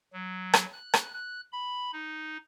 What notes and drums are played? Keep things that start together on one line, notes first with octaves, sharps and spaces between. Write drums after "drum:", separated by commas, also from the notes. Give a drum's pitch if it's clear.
F#3
drum: rim click
F#6
drum: rim click
F#6
B5
D#4